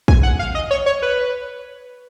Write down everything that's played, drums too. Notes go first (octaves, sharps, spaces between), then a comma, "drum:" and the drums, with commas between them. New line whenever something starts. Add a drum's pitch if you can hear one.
G#5, drum: kick
F#5
F5
D#5
C#5
C#5
B4